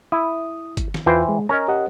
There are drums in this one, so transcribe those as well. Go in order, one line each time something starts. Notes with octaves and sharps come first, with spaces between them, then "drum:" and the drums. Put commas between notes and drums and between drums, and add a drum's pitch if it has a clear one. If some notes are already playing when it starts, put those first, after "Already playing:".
E4 D#6
drum: kick G1, hi-hat
drum: snare
E2 E3 F4 B4 C5 G5
G#3
C#4 A#4 D#5 A#5
G4 D#5 F#5